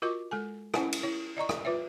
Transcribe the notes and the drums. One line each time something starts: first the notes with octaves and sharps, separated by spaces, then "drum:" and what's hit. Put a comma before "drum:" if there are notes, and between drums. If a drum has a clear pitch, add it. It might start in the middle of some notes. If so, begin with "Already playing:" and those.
F4 F#4 A#4 D#5 C#6 D6
G#3 A4 G#5
C#4 E4 C5 F#5 G#5 A5, drum: rim click
drum: cymbal
E4 C#5
D5 D#5 A#5 C#6
drum: rim click
F4 B4 C#5 E5